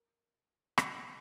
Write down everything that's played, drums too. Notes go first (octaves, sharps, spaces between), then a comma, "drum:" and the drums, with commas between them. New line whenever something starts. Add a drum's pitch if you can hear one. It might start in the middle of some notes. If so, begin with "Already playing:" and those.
Already playing: A#4
E4, drum: rim click